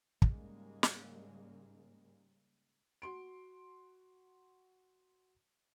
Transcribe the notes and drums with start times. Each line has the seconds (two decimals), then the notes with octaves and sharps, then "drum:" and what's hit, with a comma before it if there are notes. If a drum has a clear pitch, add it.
0.22 G#2 C#3 G3 G#3 A#3, drum: kick
0.83 drum: snare
3.02 F#4 C6 D7